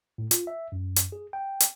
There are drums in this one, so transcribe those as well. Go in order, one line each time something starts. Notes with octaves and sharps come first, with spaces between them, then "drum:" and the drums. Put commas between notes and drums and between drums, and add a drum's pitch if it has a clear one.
A2
F4, drum: hi-hat
E5
F#2
drum: hi-hat
G#4
G5
drum: hi-hat